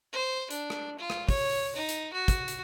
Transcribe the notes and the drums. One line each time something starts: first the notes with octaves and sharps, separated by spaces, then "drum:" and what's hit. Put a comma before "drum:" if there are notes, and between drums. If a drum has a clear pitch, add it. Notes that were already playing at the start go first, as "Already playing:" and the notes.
C5
D4, drum: hi-hat
drum: rim click
F4
drum: rim click
C#5, drum: kick, open hi-hat
drum: open hi-hat
D#4
drum: hi-hat
F#4
drum: kick, hi-hat
drum: hi-hat